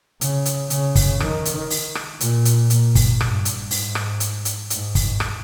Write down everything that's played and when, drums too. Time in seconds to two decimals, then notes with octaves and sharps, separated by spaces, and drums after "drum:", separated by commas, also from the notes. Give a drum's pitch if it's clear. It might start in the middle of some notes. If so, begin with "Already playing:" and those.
0.21 C#3, drum: hi-hat
0.45 drum: hi-hat
0.70 C#3, drum: hi-hat
0.95 drum: kick, open hi-hat
1.20 D#3, drum: rim click
1.45 drum: hi-hat
1.70 drum: open hi-hat
1.95 drum: rim click
2.21 A#2, drum: hi-hat
2.45 drum: hi-hat
2.70 A#2, drum: hi-hat
2.95 drum: kick, open hi-hat
3.21 G2, drum: rim click
3.45 drum: hi-hat
3.71 G#2, drum: open hi-hat
3.95 drum: rim click
4.20 drum: hi-hat
4.45 drum: hi-hat
4.70 G#2, drum: hi-hat
4.95 drum: kick, open hi-hat
5.20 drum: rim click